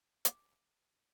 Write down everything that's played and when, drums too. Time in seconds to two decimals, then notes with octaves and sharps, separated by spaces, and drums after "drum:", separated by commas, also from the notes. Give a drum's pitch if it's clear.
0.25 D6, drum: hi-hat